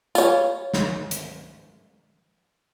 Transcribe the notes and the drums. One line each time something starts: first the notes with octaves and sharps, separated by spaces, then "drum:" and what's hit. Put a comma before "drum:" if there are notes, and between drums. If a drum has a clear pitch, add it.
F4 C#5, drum: tambourine
drum: snare
drum: hi-hat